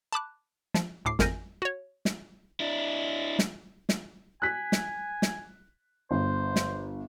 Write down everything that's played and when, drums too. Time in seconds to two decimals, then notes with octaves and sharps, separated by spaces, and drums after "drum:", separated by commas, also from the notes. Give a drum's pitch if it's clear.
0.13 A5 B5 D6 F#6
0.74 F3, drum: snare
1.05 D2 A2 D6 C7
1.19 G#1 F2 A#4 G#5 G6 A#6, drum: snare
1.62 F#4 C#5
2.05 drum: snare
2.60 D4 E4
3.39 drum: snare
3.89 drum: snare
4.42 G#5 F#6 B6
4.72 drum: snare
5.22 drum: snare
6.11 G1 C5
6.56 drum: snare